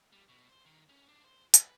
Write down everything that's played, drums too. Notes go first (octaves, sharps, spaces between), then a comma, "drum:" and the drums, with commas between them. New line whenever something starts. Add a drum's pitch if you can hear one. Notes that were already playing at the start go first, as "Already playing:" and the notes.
G3
B2
C5
D#3
C#4
D4
C5
B4, drum: hi-hat